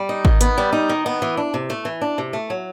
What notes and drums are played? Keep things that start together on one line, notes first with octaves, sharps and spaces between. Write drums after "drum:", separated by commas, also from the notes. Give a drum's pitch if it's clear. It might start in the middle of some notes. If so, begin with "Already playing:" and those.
Already playing: G3
D#4
D#3, drum: kick G#1
B3, drum: hi-hat
G3
D#4
D#3
B3
E3
D4
C3
A3
E3
D4
C3
A3
F#3